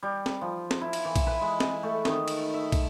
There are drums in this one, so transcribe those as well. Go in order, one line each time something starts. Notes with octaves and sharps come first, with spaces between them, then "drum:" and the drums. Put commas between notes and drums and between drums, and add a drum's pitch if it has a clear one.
G3
drum: snare
F3
drum: snare
E4
drum: cymbal
E3
drum: kick, cymbal
B4
G#3
drum: snare
A3
D#3, drum: snare
drum: cymbal
E5
drum: kick, cymbal